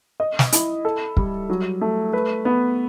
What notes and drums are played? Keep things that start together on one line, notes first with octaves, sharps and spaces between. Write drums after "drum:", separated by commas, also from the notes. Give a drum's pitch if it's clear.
D#5
drum: snare
E4, drum: hi-hat
A4
G3, drum: kick
F#3
A3
B4
B3